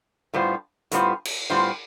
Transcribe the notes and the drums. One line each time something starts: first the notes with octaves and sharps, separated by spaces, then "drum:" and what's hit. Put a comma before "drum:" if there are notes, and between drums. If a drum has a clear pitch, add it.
A2 G3 B3 F4 C5
A2 G3 B3 F4 C5, drum: hi-hat
drum: cymbal
A2 G3 B3 F4 C5